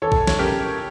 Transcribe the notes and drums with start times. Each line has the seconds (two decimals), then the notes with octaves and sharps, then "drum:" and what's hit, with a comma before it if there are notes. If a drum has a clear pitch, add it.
0.02 E3 A4 C#5
0.12 drum: kick A#1
0.27 C#5, drum: snare
0.39 C#3 G4 A#4